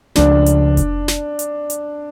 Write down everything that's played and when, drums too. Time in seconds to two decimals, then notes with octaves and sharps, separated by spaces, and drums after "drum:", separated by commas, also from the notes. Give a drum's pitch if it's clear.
0.15 C#2 C#3 F3 A3 D4, drum: snare
0.46 drum: hi-hat
0.77 drum: kick F1, hi-hat
1.08 drum: snare
1.39 drum: hi-hat
1.70 drum: hi-hat